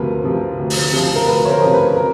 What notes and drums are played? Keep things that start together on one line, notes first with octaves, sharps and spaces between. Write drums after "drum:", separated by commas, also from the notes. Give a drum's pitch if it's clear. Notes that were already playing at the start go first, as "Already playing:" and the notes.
Already playing: D2 C3 F3 A#4 B4
C3 F3
D2
drum: open hi-hat
C3 F3
A#4
D2 B4
C#5
A#4 C5
C3 F3
B4
A#4